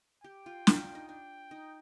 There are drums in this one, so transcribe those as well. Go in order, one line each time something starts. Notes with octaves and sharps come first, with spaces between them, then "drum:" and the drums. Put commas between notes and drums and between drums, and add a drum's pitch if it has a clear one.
G4 G5
F4
F4, drum: snare
D4
D#4
D4 G5
D#4